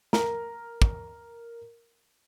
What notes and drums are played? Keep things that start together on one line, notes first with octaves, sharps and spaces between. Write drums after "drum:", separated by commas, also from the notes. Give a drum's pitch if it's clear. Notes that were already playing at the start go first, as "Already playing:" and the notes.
A#4 A#5, drum: snare
drum: kick